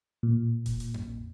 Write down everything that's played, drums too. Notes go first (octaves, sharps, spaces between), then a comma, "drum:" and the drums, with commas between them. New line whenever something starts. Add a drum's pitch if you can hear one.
A#2
drum: kick E1, hi-hat
drum: hi-hat
drum: tom F2